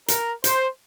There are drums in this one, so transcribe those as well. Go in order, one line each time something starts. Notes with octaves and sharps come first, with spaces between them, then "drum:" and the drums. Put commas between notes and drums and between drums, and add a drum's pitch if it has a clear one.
A#4, drum: hi-hat
C5, drum: hi-hat